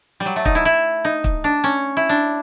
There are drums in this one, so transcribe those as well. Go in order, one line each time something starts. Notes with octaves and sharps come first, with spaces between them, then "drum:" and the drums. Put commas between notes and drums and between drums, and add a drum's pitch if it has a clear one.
G3
F#3
A3
D#4, drum: kick
E4
E4
D#4
drum: kick
D4
C#4
E4
D4